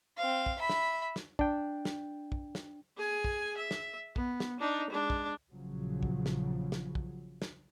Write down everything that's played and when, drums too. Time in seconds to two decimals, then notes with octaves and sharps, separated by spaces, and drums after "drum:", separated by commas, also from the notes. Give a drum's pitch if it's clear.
0.18 C4 F5
0.46 drum: kick
0.59 E5 B5
0.69 drum: snare
1.16 drum: snare
1.39 D4 G5, drum: kick
1.85 drum: snare
2.32 drum: kick
2.55 drum: snare
2.97 G#4 G#5
3.24 drum: kick
3.57 E5
3.71 drum: snare
4.16 B3, drum: kick
4.40 drum: snare
4.60 D4 D#4
4.90 G#3 D4
5.10 drum: kick
5.51 A#1 C#3 F3 F#3
6.03 drum: kick
6.26 drum: snare
6.72 drum: snare
6.95 drum: kick
7.42 drum: snare